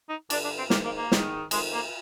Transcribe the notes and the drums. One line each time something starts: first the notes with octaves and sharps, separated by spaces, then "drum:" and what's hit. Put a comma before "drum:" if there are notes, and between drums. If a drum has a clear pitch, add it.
D#4
G2 D3 D4, drum: cymbal
D4
C4
G#2 D#3 A#3, drum: snare
A#3
A#3
G#2 D#3, drum: snare
F2 D#3 G#3, drum: cymbal
A#3